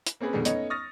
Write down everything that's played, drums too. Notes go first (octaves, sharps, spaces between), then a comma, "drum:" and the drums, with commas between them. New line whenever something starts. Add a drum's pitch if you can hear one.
drum: hi-hat
A#3 C4 C#4 G#4 B4
F2 B2 D3 D#3 G3 G#3
A3 B3 C#4 D#4 C#5 D#5, drum: hi-hat
C#6 D#6 F6 A6 A#6